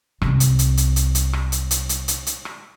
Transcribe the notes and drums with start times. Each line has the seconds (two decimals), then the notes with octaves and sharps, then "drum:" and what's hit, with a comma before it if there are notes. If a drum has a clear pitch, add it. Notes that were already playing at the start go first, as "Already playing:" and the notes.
0.22 C2 C4, drum: rim click
0.40 drum: hi-hat
0.59 drum: hi-hat
0.77 drum: hi-hat
0.96 drum: hi-hat
1.15 drum: hi-hat
1.33 drum: rim click
1.52 drum: hi-hat
1.71 drum: hi-hat
1.89 drum: hi-hat
2.08 drum: hi-hat
2.27 drum: hi-hat
2.45 drum: rim click